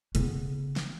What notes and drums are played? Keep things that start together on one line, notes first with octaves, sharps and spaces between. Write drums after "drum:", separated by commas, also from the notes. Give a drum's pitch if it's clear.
C#3 B3, drum: hi-hat
drum: snare